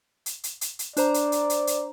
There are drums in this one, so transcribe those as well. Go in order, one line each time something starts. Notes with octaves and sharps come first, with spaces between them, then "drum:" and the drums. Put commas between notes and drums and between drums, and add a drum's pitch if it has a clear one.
drum: hi-hat
drum: hi-hat
drum: hi-hat
drum: hi-hat
D4 C5 D5 A#5, drum: hi-hat
drum: hi-hat
drum: hi-hat
drum: hi-hat
drum: hi-hat